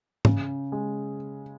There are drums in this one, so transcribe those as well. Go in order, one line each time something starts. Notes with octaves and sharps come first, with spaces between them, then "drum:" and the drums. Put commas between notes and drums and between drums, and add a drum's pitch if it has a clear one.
C#3, drum: tom G#2
G#3